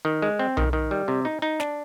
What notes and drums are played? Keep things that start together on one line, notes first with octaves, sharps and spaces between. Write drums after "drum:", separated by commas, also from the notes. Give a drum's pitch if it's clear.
D#3
G#3
C4
D#3, drum: tom B1
D#3
G3
C3
D#4
D#4
D4, drum: snare